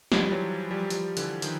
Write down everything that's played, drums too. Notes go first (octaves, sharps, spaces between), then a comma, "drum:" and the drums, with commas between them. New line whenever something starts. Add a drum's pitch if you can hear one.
F3 G3, drum: snare
E3 F#3
F3 G3
F3 G3, drum: hi-hat
D3 E3, drum: hi-hat
D#3 F3, drum: hi-hat